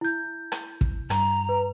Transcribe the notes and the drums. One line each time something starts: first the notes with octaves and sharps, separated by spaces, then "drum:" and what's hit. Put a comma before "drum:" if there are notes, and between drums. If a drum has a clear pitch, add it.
E4 G6
drum: rim click
drum: kick
G2 A#5, drum: rim click
B4